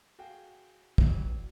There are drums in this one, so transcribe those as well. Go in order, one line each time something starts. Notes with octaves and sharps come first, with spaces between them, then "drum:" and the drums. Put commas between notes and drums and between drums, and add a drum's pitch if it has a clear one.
F#4 G#4 F5 G5
E3 F#3 G3, drum: kick